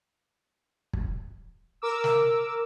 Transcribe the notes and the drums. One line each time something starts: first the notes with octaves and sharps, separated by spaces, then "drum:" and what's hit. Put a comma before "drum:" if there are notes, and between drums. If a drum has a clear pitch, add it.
drum: kick
A#4 D6 E6
drum: snare